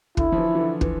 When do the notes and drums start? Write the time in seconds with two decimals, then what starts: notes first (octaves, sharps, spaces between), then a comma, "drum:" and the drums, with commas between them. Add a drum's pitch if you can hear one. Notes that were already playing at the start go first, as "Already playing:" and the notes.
0.17 D3 E4, drum: kick
0.32 F3
0.38 E3
0.55 E3
0.59 D3
0.81 E3, drum: kick